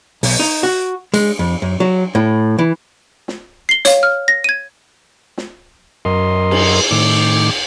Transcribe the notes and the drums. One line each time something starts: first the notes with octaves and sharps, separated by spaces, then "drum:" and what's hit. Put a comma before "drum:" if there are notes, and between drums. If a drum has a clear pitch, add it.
B1, drum: open hi-hat
D#4
F#4
G#3, drum: cymbal
F2
F#2
F#3
A2
E3
drum: snare
C7 G7
C#5 F5, drum: hi-hat
F6
A#6
G#6 D#7
drum: snare
F#2 A#4 D#5 C6
drum: cymbal
A2 D#3 D6